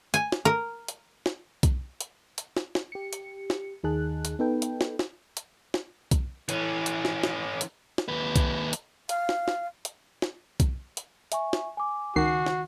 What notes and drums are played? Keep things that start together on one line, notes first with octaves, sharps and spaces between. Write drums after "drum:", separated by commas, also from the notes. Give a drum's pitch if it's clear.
G#5, drum: hi-hat
drum: snare
A#4
drum: hi-hat
drum: snare
drum: kick B1, hi-hat
drum: hi-hat
drum: hi-hat
drum: snare
drum: snare
G4 C#7
drum: hi-hat
drum: snare
D#2 D#3 D#4 G#4 A5 F#6
drum: hi-hat
B3 D#4 A4 B4 G5
drum: hi-hat
drum: snare
drum: snare
drum: hi-hat
drum: snare
drum: kick B1, hi-hat
E3 C#4, drum: hi-hat
drum: hi-hat
drum: snare
drum: snare
drum: hi-hat
drum: snare
D#2 B4
drum: kick B1, hi-hat
drum: hi-hat
F5, drum: hi-hat
drum: snare
drum: snare
drum: hi-hat
drum: snare
drum: kick B1, hi-hat
drum: hi-hat
E5 G#5 C#6, drum: hi-hat
drum: snare
G#5 D6
C#2 D#3 F#4 C7
drum: snare